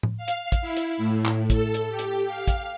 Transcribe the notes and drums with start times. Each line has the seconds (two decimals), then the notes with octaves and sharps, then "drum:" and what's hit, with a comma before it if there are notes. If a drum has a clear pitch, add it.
0.03 drum: tom A2
0.17 F5
0.28 drum: hi-hat
0.52 drum: kick, hi-hat
0.61 E4
0.77 drum: hi-hat
0.97 A2
1.25 drum: clap
1.50 A4, drum: kick, hi-hat
1.74 drum: hi-hat
1.88 G4
1.99 drum: hi-hat
2.28 F5
2.48 drum: kick, hi-hat